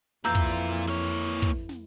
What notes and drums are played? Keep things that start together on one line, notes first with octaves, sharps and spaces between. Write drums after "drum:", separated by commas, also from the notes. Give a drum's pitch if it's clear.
F2 A#2 E3 F4 A#5 E6 G6
drum: kick
A#3 C#5
drum: kick
drum: snare